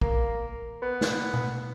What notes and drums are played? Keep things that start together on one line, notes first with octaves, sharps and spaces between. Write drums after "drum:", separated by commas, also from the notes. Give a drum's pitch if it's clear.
A#3, drum: kick
B3
drum: snare
drum: tom B2